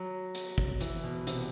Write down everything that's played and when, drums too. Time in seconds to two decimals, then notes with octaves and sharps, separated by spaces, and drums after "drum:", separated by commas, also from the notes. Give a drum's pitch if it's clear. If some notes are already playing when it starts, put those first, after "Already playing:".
Already playing: F#3
0.35 drum: hi-hat
0.58 drum: kick
0.81 E3, drum: hi-hat
1.04 B2
1.27 C3, drum: hi-hat